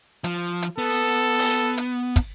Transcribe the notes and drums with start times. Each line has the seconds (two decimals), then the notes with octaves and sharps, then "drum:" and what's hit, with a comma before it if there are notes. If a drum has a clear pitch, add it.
0.24 F3, drum: hi-hat
0.62 drum: hi-hat
0.78 B3 A4
1.39 drum: open hi-hat
1.78 drum: hi-hat
2.16 drum: kick, hi-hat